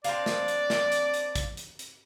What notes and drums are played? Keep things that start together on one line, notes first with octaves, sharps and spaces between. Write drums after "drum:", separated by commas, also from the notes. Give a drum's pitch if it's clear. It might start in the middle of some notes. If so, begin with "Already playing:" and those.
C4 D4 D5 F5, drum: hi-hat
drum: snare
drum: hi-hat
drum: snare
drum: hi-hat
drum: hi-hat
drum: kick, hi-hat
drum: hi-hat
drum: hi-hat